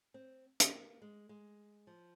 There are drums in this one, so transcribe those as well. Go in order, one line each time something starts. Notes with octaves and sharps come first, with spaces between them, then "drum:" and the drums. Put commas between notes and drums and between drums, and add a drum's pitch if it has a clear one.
C4
drum: hi-hat
A#3
G#3
G#3
F3